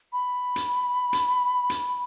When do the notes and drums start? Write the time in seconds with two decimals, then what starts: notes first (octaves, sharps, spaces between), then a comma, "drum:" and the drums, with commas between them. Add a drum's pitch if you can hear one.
0.13 B5
0.56 drum: hi-hat
1.13 drum: hi-hat
1.70 drum: hi-hat